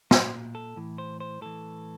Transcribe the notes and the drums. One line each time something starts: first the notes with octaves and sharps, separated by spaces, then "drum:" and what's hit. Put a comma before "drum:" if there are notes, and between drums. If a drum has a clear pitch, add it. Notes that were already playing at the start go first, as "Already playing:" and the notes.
A#2 C5, drum: snare
A4
A2 E3
C5
C5
A2 E3 A4